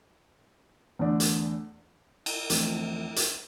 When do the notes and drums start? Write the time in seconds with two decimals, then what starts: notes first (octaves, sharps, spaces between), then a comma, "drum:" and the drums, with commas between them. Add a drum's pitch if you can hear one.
0.99 E2 D3 A3 D4
1.20 drum: hi-hat
2.26 drum: cymbal
2.50 E2 D3 F3 A3 C4, drum: hi-hat
3.16 drum: hi-hat